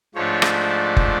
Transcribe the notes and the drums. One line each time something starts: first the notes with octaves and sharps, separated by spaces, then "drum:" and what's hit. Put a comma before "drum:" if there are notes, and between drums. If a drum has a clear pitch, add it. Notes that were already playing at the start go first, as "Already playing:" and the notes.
G#2 F3 A3 D4 C#5
drum: rim click
drum: kick F#1